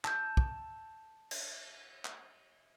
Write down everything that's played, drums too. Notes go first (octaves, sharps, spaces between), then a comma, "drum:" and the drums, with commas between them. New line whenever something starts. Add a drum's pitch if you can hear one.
A5 E6 G6, drum: clap
drum: kick
drum: cymbal
drum: clap